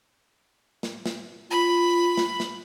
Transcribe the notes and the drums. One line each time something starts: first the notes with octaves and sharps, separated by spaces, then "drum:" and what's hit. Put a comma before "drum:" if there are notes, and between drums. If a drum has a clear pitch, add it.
drum: snare
drum: snare
F4 B5
drum: snare
drum: snare